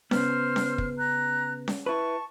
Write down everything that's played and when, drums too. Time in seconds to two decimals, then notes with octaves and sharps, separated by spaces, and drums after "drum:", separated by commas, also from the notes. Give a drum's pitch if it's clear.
0.11 C#3 B3 C5 F6, drum: snare C#4
0.56 drum: snare C#4
0.78 drum: kick
0.99 A#5 F#6
1.68 drum: snare C#4
1.86 E4 B4 A5 C#6